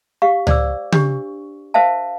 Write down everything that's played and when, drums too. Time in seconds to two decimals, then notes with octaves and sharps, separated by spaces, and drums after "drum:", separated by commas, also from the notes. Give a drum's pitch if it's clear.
0.22 G4 F5 C#6
0.47 C5 D5 D6 E6, drum: tom C#2
0.92 D4 G4 C#6, drum: tom C#3
1.74 A#4 C5 E5 F5 A5